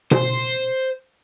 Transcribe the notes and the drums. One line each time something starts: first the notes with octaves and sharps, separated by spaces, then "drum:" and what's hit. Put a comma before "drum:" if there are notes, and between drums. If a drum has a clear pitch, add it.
C5, drum: tom B2